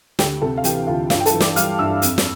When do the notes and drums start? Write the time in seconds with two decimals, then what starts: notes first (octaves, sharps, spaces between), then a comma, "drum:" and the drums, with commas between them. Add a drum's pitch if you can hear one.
0.19 D2 G4 G5, drum: snare
0.42 C3 A4 A5
0.58 F5
0.64 E3 G4 G5, drum: hi-hat
0.87 D2 F4 F5
1.10 G2 F4 F5, drum: snare
1.20 G5
1.26 A4 A5, drum: hi-hat
1.34 E3
1.40 D5 D6, drum: snare
1.56 G3 F5 F6, drum: hi-hat
1.79 G2 E5 E6
2.02 F2, drum: hi-hat
2.18 drum: snare